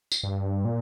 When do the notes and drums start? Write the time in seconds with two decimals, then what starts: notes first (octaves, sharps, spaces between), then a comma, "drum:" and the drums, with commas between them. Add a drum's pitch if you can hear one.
0.12 drum: tambourine
0.23 G2
0.65 A#2